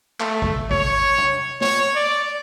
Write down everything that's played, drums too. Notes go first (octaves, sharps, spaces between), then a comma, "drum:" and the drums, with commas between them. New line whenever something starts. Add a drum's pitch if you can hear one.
A3, drum: clap
drum: kick
C#5, drum: kick
drum: tom
C#5, drum: snare
D5